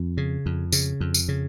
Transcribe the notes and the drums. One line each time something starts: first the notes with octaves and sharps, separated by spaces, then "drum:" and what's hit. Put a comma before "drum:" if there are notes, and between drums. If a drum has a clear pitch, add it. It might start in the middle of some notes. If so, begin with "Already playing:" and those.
Already playing: F2
C#3
F2
C#3, drum: tambourine
F2
drum: tambourine
C#3